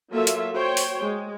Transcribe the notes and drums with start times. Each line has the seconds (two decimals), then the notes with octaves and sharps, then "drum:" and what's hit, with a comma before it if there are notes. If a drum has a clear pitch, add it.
0.14 F#3 A#3 F4 A4 E5
0.27 drum: hi-hat
0.53 F#4 C5 C#5 G5
0.77 drum: open hi-hat
1.02 G#3